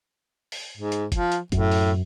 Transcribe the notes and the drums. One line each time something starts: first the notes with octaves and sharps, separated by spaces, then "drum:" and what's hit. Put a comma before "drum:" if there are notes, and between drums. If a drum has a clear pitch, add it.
drum: open hi-hat
G#2
drum: hi-hat
F3, drum: kick F#1, hi-hat
drum: hi-hat
F#2 A2, drum: kick F#1, hi-hat
drum: open hi-hat